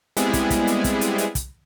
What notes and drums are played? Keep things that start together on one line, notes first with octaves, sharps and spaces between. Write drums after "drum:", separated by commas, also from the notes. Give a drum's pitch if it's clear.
G3 G#3 B3 C4 E4 G#4, drum: hi-hat
drum: kick, hi-hat
drum: kick, hi-hat
drum: hi-hat
drum: kick, hi-hat
drum: hi-hat
drum: hi-hat
drum: kick, hi-hat